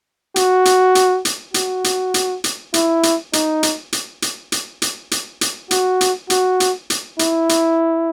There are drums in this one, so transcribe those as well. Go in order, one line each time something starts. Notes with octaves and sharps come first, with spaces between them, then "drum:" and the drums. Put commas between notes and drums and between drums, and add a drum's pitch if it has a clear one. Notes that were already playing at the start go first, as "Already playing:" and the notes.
F#4, drum: hi-hat
drum: hi-hat
drum: hi-hat
drum: hi-hat
F#4, drum: hi-hat
drum: hi-hat
drum: hi-hat
drum: hi-hat
E4, drum: hi-hat
drum: hi-hat
D#4, drum: hi-hat
drum: hi-hat
drum: hi-hat
drum: hi-hat
drum: hi-hat
drum: hi-hat
drum: hi-hat
drum: hi-hat
F#4, drum: hi-hat
drum: hi-hat
F#4, drum: hi-hat
drum: hi-hat
drum: hi-hat
E4, drum: hi-hat
drum: hi-hat